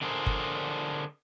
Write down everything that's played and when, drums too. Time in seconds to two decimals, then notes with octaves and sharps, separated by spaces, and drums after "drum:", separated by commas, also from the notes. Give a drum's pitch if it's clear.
0.01 D3 D4 G#4 A#4 C5
0.26 drum: kick G1